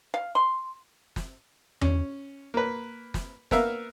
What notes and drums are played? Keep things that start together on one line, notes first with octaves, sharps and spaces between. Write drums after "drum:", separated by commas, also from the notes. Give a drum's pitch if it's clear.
F5
C6
drum: snare
C#4, drum: tom E2
A#3 B4
drum: snare
A#3 B3 A#4 E5 F5, drum: snare